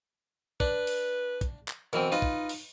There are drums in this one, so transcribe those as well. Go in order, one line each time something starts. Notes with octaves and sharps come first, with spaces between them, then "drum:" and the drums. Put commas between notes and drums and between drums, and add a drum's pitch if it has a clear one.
D4 B4, drum: kick
drum: open hi-hat
drum: kick, hi-hat
drum: clap
B2 E3 C4 A#4, drum: hi-hat
D#4 F4 B4 D#5
drum: kick
drum: open hi-hat